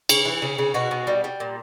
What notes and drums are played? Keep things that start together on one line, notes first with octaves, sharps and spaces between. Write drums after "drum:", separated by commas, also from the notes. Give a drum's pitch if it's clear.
C#3, drum: cymbal
E3
C#3
C#3
B2 F#4
B2
G3
G3
A#2